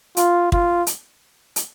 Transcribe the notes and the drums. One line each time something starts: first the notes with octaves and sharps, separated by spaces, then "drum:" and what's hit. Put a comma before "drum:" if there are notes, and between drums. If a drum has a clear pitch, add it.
F4, drum: hi-hat
F4, drum: kick
drum: hi-hat
drum: hi-hat